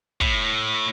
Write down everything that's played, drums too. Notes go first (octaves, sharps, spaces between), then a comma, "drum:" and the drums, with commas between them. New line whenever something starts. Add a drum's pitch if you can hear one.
A2, drum: kick